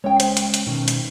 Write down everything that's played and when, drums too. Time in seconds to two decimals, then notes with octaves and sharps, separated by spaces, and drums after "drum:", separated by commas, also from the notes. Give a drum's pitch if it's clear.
0.04 G#3 C#4 C#5 G5
0.20 C5, drum: hi-hat
0.37 drum: hi-hat
0.54 drum: hi-hat
0.66 B2 D#3 C#4
0.88 drum: hi-hat